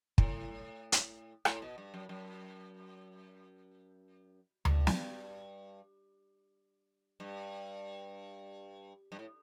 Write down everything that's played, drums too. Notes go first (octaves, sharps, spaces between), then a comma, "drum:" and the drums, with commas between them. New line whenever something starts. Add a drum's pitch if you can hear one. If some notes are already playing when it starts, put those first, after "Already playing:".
A2, drum: kick
drum: hi-hat
A2, drum: rim click
B2
G2
F#2
F#2
G2, drum: tom D2
drum: snare
G2
G2
A2